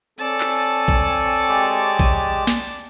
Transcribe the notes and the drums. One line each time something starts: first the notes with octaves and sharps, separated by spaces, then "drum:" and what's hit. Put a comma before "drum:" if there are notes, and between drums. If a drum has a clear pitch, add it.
C4 A4 C#5 D5 G#5 A5
drum: clap
drum: kick A#1
G#3 G4
drum: kick A#1
drum: snare